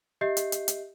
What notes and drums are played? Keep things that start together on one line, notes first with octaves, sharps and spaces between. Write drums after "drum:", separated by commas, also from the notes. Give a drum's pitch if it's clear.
G4 D#5 E5 G6 C7
drum: hi-hat
drum: hi-hat
drum: hi-hat